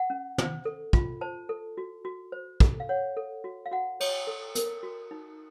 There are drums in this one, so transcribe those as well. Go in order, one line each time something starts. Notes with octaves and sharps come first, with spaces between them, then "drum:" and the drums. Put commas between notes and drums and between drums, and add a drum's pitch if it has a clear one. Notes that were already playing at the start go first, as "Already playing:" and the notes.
Already playing: F#5
C#4
C5, drum: tom
A4
F4, drum: kick
C5 A5
A4
F#4
F#4
C5
A4, drum: kick
F5
C#5 F#5
A4
F#4
F5
F#4 F#5
C#5, drum: cymbal
A4
A#4, drum: hi-hat
F#4
D#4